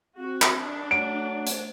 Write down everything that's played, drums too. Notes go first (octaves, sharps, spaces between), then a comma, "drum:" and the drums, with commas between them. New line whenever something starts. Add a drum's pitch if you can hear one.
C4 F#4
drum: clap
D4
F#3 A3 D7
drum: hi-hat